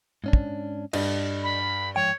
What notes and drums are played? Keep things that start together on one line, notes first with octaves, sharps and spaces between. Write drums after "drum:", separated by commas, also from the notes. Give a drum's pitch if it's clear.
G#2 C#4 D4
drum: kick
G2 D5 D#5, drum: cymbal
B5
G#2 F3 C#5 G5